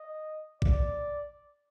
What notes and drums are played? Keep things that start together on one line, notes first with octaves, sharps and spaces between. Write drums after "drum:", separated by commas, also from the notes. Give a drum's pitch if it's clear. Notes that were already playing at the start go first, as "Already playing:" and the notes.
Already playing: D#5
D5, drum: kick A#1